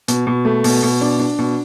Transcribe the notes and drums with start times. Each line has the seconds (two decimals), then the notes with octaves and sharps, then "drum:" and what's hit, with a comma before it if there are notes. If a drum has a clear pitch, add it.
0.08 B2, drum: hi-hat
0.27 B2
0.45 A3
0.64 B2, drum: open hi-hat
0.83 B2
1.01 D4
1.20 D4
1.38 B2